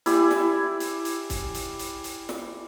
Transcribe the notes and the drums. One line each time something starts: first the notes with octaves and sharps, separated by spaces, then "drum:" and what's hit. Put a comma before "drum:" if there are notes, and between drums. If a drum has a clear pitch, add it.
E4 G4 D5 G#5, drum: hi-hat
drum: snare
drum: hi-hat
drum: hi-hat
drum: kick, hi-hat
drum: hi-hat
drum: hi-hat
drum: hi-hat
drum: snare